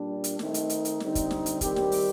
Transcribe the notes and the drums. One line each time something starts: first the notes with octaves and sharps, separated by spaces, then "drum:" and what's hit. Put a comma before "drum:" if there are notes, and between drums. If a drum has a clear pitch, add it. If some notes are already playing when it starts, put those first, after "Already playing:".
Already playing: A#2 G3 D4
drum: hi-hat
D#3 A3 C4 D#4, drum: snare
drum: hi-hat
drum: hi-hat
drum: hi-hat
D3 G3 C4 D#4, drum: snare
drum: kick, hi-hat
drum: snare
drum: hi-hat
D#3 G3 C4 G4, drum: kick, hi-hat
drum: snare
drum: open hi-hat